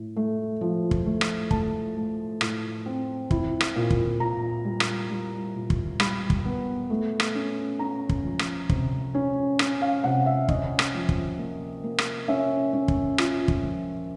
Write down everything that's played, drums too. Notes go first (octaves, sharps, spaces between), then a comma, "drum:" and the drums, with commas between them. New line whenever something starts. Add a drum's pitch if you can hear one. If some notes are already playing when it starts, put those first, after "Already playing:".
Already playing: A2
A3
F3
drum: kick
A3
drum: rim click
A3 A5, drum: kick
A3
A2, drum: rim click
C4
E4, drum: kick
drum: rim click
A#2
drum: kick
A#2 A#5
G3
drum: rim click
G3
A#2
drum: kick
G3 B5, drum: rim click
drum: kick
B3
A3
drum: rim click
C#4
C#4 A#5
drum: kick
F3
drum: rim click
C3, drum: kick
C#4
C#4, drum: rim click
F5
C3 F#5
E5
C#4 D#5, drum: kick
drum: rim click
F3
drum: kick
A#3
A#3
drum: rim click
C#4 E5
C#4
drum: kick
F4, drum: rim click
drum: kick
F3